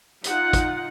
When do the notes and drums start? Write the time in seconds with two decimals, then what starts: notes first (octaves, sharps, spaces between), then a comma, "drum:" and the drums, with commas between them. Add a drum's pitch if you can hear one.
0.24 D#4 F4 F#5, drum: hi-hat
0.53 drum: kick, hi-hat